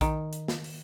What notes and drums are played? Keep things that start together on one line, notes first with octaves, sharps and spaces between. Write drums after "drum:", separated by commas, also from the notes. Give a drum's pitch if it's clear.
D#3, drum: kick A#1, hi-hat
drum: hi-hat
drum: snare
drum: open hi-hat